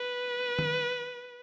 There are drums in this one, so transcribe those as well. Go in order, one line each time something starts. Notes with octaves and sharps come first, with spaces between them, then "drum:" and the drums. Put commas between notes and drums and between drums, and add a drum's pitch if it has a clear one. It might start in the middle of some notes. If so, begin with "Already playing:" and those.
Already playing: B4
drum: tom D#3